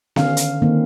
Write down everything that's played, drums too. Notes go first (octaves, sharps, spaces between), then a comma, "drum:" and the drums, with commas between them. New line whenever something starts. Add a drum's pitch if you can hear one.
D3 D#3 C#4 F5, drum: snare B3
drum: hi-hat
D#3 A#3 C4